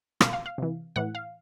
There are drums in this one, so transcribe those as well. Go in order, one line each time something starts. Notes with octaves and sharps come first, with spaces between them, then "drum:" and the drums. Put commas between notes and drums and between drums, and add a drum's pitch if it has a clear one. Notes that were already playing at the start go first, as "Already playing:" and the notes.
B2 F5, drum: rim click
F5
F5
C3 E3
A2 E3 F#5
F5